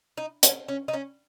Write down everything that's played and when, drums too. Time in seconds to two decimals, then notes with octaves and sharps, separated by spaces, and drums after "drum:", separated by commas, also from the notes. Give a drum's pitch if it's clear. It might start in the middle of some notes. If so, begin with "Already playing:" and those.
0.17 D#4
0.43 C#4, drum: hi-hat
0.68 C#4
0.88 D#4
0.93 C#4